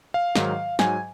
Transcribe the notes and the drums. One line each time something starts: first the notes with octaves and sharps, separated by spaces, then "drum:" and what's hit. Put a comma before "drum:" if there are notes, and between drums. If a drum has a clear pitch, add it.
F5
G#2 D#3 F#3, drum: snare
G#2 F#3 G#5, drum: snare